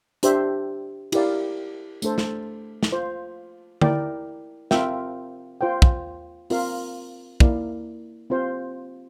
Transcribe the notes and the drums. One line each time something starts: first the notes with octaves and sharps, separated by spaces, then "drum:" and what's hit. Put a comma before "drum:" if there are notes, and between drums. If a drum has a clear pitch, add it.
D4 G4 C5 E5, drum: hi-hat
E4 G4 A#4 D5 F5, drum: cymbal
A3 D4 A4 C5, drum: tambourine
drum: snare
drum: snare
F4 C5 F5
E4 A#4 D5 G5, drum: tom D3
C4 F4 A#4 E5 G5, drum: snare
F4 C5 G5
drum: kick
C4 F4 A#4 F5, drum: open hi-hat
A#3 E4 A#4 D5 F5, drum: kick
C4 F4 C5 F5